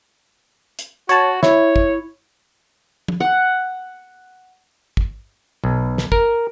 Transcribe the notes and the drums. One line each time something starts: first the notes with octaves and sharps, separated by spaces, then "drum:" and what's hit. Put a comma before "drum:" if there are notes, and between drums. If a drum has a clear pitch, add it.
drum: hi-hat
F#4 C#5 A5, drum: hi-hat
E4 C#5, drum: snare
drum: kick
drum: tom
F#5
drum: kick
B1
drum: snare
A#4, drum: kick